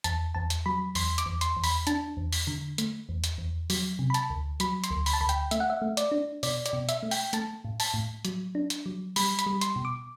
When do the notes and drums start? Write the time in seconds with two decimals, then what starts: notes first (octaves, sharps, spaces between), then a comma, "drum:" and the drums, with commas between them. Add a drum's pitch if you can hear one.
0.04 E2 A5, drum: hi-hat
0.35 E2 A5
0.50 drum: hi-hat
0.66 F#3 B5
0.95 E2 C6, drum: open hi-hat
1.18 D6, drum: hi-hat
1.26 E2
1.41 C6, drum: hi-hat
1.57 E2
1.64 B5, drum: open hi-hat
1.87 D4 A5, drum: hi-hat
2.17 E2
2.33 drum: open hi-hat
2.47 D3
2.78 A3, drum: hi-hat
3.09 E2
3.24 drum: hi-hat
3.38 E2
3.70 F#3, drum: open hi-hat
3.99 C3
4.10 B5
4.14 A5, drum: hi-hat
4.30 D2
4.60 F#3 B5, drum: hi-hat
4.84 C6, drum: hi-hat
4.91 D2
5.06 B5, drum: open hi-hat
5.13 A5
5.21 D2 B5
5.29 G5, drum: hi-hat
5.51 A3 E5, drum: hi-hat
5.60 F#5
5.70 E5
5.82 A3
5.97 D5, drum: hi-hat
6.12 D4
6.43 B2 D5, drum: open hi-hat
6.66 D5, drum: hi-hat
6.73 B2
6.89 E5, drum: hi-hat
7.03 A3
7.11 G5, drum: open hi-hat
7.33 A3 A5, drum: hi-hat
7.65 A2
7.80 A5, drum: open hi-hat
7.94 A2
8.25 F#3, drum: hi-hat
8.55 D4
8.70 drum: hi-hat
8.86 F#3
9.16 G3 B5, drum: open hi-hat
9.39 B5, drum: hi-hat
9.46 G3
9.61 C6, drum: hi-hat
9.76 B2
9.85 D6